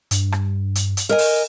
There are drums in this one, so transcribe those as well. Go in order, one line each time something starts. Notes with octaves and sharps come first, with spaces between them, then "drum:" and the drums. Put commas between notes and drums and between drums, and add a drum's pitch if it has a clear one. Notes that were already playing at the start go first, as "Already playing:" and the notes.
G2, drum: hi-hat
drum: rim click
drum: hi-hat
drum: hi-hat
A#4 D#5 G#5
drum: open hi-hat